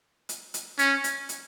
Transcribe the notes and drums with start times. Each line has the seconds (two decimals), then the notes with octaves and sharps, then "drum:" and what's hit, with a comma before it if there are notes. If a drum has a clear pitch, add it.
0.29 drum: hi-hat
0.54 drum: hi-hat
0.79 C#4, drum: hi-hat
1.04 drum: hi-hat
1.29 drum: hi-hat